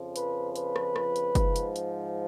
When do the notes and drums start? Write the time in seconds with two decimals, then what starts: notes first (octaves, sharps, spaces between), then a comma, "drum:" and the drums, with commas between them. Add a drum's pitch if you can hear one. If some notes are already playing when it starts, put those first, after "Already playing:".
Already playing: F2 C#3 F3
0.16 B4, drum: hi-hat
0.56 B4, drum: hi-hat
0.76 drum: rim click
0.96 drum: rim click
1.16 drum: hi-hat
1.35 G#2 F3, drum: kick F#1, hi-hat
1.56 drum: hi-hat
1.76 drum: hi-hat